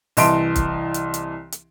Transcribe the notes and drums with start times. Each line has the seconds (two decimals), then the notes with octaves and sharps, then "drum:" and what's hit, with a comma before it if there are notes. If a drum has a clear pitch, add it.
0.17 C2 E3 D#5 A5 C6 D7, drum: open hi-hat
0.56 drum: kick, hi-hat
0.94 drum: hi-hat
1.14 drum: hi-hat
1.52 drum: hi-hat